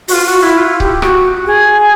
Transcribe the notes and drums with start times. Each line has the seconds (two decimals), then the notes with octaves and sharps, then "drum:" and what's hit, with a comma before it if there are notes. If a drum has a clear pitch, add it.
0.08 F#4, drum: open hi-hat
0.13 F4
0.28 F#4
0.42 E4
0.58 F4
0.80 G4, drum: kick C#1
1.02 F#4, drum: rim click
1.47 G#4